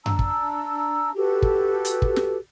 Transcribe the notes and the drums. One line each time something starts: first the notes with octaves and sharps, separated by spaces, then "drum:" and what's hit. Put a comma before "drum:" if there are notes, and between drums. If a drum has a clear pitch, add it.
D4 A5 A#5 E6, drum: tom F#2
drum: kick
F#4 G4 A4 B4
drum: kick
drum: hi-hat
drum: kick
drum: snare